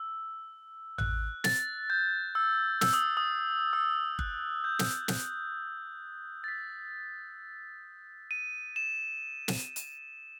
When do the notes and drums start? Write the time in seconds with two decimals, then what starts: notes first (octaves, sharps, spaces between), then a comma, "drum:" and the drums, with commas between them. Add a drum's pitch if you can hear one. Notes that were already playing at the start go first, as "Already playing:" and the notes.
Already playing: E6
0.98 F#6, drum: tom A1
1.44 A6, drum: snare
1.90 G6
2.35 E6
2.81 E6, drum: snare
2.93 D#6
3.17 D#6
3.73 E6
4.19 F#6, drum: kick G1
4.64 G6
4.79 drum: snare
5.08 drum: snare
6.44 A6
6.48 B6
8.31 D#7
8.76 E7
9.48 drum: snare
9.76 drum: hi-hat